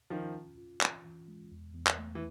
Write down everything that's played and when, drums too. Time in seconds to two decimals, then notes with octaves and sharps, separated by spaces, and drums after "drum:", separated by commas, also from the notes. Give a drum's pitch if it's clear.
0.10 D#3 F3 C#4
0.35 F4
0.58 F4
0.81 E3, drum: clap
1.05 E3
1.28 G#3
1.51 E2
1.75 E2
1.87 drum: clap
1.99 A3
2.15 E3